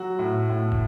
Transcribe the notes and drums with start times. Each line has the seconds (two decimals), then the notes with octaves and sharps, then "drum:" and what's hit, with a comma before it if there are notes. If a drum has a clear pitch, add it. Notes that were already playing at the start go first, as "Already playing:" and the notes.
Already playing: F#3 F#4
0.19 A2
0.49 A2
0.72 drum: kick